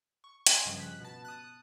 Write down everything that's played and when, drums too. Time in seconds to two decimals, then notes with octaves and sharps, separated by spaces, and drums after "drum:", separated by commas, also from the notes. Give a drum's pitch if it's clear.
0.24 C#6
0.47 D#5 G5 G#5 C6 C#6 G#6, drum: hi-hat
0.65 G2 C#3 F3
0.80 F#6 B6
1.00 B2 A5
1.25 D#6 F#6